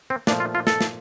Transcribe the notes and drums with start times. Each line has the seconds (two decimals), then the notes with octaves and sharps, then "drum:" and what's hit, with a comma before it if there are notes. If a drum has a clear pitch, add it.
0.10 C4
0.27 A#2 F3 A3 D4, drum: snare
0.40 F4
0.55 F4
0.67 A4, drum: snare
0.81 drum: snare